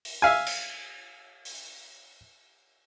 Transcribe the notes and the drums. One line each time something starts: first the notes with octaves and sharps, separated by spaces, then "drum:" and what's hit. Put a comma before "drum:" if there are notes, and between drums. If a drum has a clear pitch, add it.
drum: open hi-hat
E5 F5 G#5
drum: cymbal
drum: open hi-hat